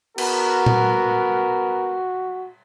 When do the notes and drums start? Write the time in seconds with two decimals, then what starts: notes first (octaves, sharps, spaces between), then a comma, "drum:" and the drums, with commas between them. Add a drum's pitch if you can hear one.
0.18 B3 F#4 A#4, drum: cymbal
0.66 drum: tom A#2